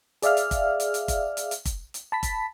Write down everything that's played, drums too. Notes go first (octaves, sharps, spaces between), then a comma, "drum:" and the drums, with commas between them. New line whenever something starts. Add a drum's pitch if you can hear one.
G#4 D5 E5 F5 F6, drum: hi-hat
drum: hi-hat
drum: kick, hi-hat
drum: hi-hat
drum: hi-hat
drum: kick, hi-hat
drum: hi-hat
drum: hi-hat
drum: kick, hi-hat
drum: hi-hat
A5 B5 B6
drum: kick, hi-hat